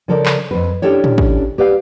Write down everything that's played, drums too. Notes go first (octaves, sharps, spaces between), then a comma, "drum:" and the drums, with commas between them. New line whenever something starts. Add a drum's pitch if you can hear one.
C#3 F3 A4 A#4 C#5 D5
drum: clap
F2 B4
C#4 D4 E4 G4 A4 C#5
drum: tom A2
drum: kick
G4 B4 D5 F5